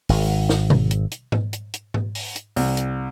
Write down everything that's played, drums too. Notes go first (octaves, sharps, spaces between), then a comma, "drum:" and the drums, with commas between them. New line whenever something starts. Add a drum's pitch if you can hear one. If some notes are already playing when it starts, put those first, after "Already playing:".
G#1, drum: open hi-hat
drum: snare
drum: tom B2
drum: hi-hat
drum: hi-hat
drum: tom G#2
drum: hi-hat
drum: hi-hat
drum: tom G#2
drum: open hi-hat
drum: hi-hat
C2, drum: open hi-hat
drum: hi-hat